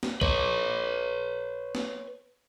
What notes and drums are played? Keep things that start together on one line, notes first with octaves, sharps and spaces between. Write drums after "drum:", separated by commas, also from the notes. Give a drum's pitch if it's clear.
drum: snare
B4 C#5, drum: kick B1
drum: snare